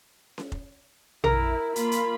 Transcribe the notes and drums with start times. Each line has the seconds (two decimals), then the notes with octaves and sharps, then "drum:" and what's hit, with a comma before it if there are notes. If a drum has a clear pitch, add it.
0.38 drum: snare C#4
0.52 drum: kick F1
1.24 E4 A#4, drum: tom A#1
1.76 A#3 F4 B5, drum: hi-hat
1.92 drum: hi-hat